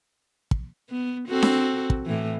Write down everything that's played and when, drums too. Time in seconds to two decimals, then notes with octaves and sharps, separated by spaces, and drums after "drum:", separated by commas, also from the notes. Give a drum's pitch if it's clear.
0.51 drum: kick
0.90 B3
1.28 C4 F#4 A4
1.42 drum: snare D4
1.90 drum: kick
2.06 A2 E3